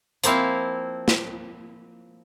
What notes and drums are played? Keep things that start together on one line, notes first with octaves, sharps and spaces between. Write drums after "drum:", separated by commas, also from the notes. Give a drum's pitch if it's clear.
F3 A#3 C4 E4 F5, drum: hi-hat
drum: snare